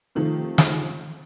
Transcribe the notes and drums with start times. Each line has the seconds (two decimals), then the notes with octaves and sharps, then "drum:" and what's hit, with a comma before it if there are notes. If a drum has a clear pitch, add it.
0.15 C3 D#3 F3 A3
0.58 drum: snare